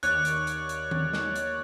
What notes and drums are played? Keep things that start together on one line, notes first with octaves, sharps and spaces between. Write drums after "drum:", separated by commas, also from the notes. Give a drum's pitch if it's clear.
D#2 C#5 D5 F#6, drum: hi-hat
drum: hi-hat
drum: hi-hat
drum: hi-hat
drum: tom D#3
drum: snare
drum: hi-hat